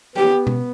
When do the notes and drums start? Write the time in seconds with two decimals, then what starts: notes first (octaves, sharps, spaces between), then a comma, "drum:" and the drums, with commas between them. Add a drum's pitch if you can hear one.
0.16 B3 G4
0.47 drum: tom B2